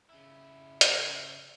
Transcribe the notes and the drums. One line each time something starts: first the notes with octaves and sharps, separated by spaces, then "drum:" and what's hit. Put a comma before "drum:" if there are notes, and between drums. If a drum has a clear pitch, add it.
C#3 E4
drum: hi-hat